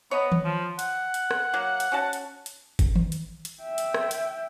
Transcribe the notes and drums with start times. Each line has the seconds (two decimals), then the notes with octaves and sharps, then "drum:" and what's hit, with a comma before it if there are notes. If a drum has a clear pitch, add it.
0.11 B3 C#5 D#5 A#5
0.32 drum: tom D#3
0.45 F3
0.79 F#5, drum: hi-hat
1.14 drum: hi-hat
1.31 drum: rim click
1.54 F#3 A#3
1.80 drum: hi-hat
1.92 C#4 F#4 A5
2.13 drum: hi-hat
2.46 drum: hi-hat
2.79 drum: kick G1, hi-hat
2.96 drum: tom D#3
3.12 drum: hi-hat
3.45 drum: hi-hat
3.61 E5 G5
3.78 drum: hi-hat
3.94 drum: rim click
4.11 drum: hi-hat